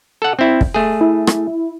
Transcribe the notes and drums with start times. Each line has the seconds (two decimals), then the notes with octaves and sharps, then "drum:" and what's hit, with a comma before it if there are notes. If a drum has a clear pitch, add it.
0.22 A4 F#5
0.39 C4 E4
0.61 drum: kick
0.74 A3 G#4
1.01 E4
1.27 drum: rim click